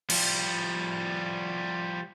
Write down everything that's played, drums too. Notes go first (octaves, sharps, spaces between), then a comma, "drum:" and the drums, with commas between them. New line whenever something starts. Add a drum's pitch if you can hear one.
F3 G3, drum: cymbal